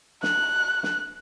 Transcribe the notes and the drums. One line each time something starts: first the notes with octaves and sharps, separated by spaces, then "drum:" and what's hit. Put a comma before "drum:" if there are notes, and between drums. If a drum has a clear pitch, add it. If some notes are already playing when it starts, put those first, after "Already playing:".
F#6, drum: snare
drum: snare